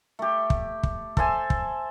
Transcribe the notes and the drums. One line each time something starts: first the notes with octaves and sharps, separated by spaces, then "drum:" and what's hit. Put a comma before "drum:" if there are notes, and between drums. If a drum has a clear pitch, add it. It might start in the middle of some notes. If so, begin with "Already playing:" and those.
A3 G4
drum: kick
drum: kick
A4 C5 E5 G#5, drum: kick
drum: kick